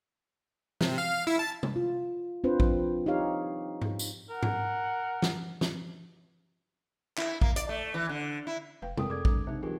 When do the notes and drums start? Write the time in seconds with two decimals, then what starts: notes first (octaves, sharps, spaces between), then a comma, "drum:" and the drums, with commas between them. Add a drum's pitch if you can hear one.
0.81 C3, drum: snare
0.98 F5
1.27 E4
1.39 A5
1.63 drum: tom C3
1.76 F4
2.44 C4 D4 F4 B4 C5
2.60 F3, drum: kick
3.06 D#4 G4 C#5 F5
3.82 drum: tom G#2
3.99 drum: tambourine
4.30 A#4 F#5
4.43 drum: tom G#2
5.22 drum: snare
5.61 drum: snare
7.18 E4, drum: clap
7.42 A#3, drum: kick
7.56 D5, drum: hi-hat
7.69 A3
7.94 E3
8.09 D3
8.47 E4
8.82 F1 B4 F5 G5
8.97 F2 C4 A4 A#4 G5 D#6, drum: tom C3
9.10 F2 G#4 A4 D5 D6 G#6
9.25 D3 G#3 D4, drum: kick
9.47 C3 C4 D#4
9.63 E3 F#3 F4 G4 G#4 A#4